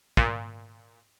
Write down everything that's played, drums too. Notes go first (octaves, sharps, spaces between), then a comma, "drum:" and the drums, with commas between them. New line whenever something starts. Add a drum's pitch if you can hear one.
A#2, drum: kick